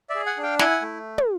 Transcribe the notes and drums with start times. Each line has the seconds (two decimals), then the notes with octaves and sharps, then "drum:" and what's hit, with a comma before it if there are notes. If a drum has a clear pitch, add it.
0.10 D5 E5
0.15 G#4
0.26 F#5 G#5
0.37 D4
0.43 F5 G5
0.59 E4 F#5 G#5, drum: snare
0.82 A3
1.18 drum: tom